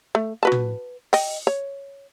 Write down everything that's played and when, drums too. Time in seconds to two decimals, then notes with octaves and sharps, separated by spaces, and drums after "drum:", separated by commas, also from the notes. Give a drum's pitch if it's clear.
0.15 A3
0.43 F#4 B4 A5
0.52 drum: tom
1.13 D#5 G5, drum: open hi-hat
1.47 C#5